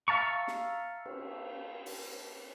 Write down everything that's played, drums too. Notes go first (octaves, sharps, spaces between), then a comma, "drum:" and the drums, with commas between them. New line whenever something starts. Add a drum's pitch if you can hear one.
E5 F5 A5 A#5 C#6
drum: snare
drum: cymbal
drum: open hi-hat